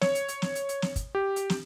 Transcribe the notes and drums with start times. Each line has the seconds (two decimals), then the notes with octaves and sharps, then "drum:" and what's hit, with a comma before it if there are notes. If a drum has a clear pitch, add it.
0.01 C#5, drum: snare
0.15 drum: hi-hat
0.28 drum: hi-hat
0.42 drum: snare
0.55 drum: hi-hat
0.69 drum: hi-hat
0.82 drum: snare
0.96 drum: kick, hi-hat
1.15 G4
1.36 drum: hi-hat
1.50 drum: snare